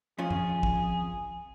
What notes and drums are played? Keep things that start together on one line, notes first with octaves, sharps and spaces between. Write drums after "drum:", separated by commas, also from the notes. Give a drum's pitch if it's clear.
F2 C#4 F4 G#4
drum: tom
drum: kick